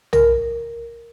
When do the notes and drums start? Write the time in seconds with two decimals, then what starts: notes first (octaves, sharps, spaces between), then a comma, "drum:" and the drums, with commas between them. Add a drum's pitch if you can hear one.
0.13 A#4, drum: tom